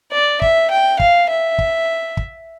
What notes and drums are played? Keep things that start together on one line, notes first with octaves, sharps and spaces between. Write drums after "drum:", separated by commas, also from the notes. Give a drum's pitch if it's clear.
D5
E5, drum: kick
G5
F5, drum: kick
E5
drum: kick
drum: kick